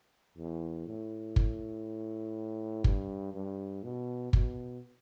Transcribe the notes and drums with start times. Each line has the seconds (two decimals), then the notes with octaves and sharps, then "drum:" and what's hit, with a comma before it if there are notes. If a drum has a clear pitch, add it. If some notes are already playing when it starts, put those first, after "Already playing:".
0.38 E2
0.87 A2
1.36 drum: kick
2.84 G2, drum: kick
3.34 G2
3.84 B2
4.33 B2, drum: kick